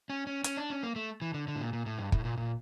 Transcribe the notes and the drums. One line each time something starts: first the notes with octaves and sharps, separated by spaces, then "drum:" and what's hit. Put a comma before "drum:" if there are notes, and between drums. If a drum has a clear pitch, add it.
C#4
C#4
C#4, drum: hi-hat
D4
C#4
A#3
A3
E3
D3
D3
A2
A#2
A#2
A2
G2
A2, drum: kick
A#2
A#2